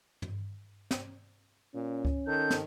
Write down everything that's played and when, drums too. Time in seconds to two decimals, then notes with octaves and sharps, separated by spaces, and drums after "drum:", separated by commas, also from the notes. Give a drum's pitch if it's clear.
0.22 drum: tom
0.91 drum: snare
1.75 A#2 C#4
2.05 drum: kick C#2
2.28 D#3 A4 G6
2.50 drum: snare